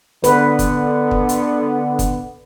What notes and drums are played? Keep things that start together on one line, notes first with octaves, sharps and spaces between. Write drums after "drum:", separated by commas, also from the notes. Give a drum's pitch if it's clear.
D3 B3 B4, drum: hi-hat
drum: kick, hi-hat
drum: kick
drum: hi-hat
drum: kick, hi-hat